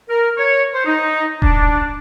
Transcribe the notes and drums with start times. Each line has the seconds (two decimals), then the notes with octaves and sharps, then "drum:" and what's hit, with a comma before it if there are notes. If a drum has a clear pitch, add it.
0.09 A#4
0.37 C#5
0.74 C5
0.86 D#4
1.42 D4, drum: kick D#1